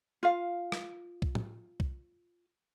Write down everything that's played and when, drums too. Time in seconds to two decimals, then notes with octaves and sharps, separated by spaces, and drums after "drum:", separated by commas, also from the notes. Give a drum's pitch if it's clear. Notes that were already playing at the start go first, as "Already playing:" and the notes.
0.23 F4 F5
0.72 drum: rim click
1.22 drum: kick B1
1.35 drum: tom
1.80 drum: kick B1